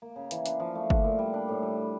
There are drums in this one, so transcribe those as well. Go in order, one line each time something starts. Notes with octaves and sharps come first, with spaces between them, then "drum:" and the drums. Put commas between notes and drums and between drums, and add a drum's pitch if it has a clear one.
A#3
C#3
E3, drum: hi-hat
D4, drum: hi-hat
F3
A3
D4, drum: kick
A#2
G3
D4
A2
G3
G3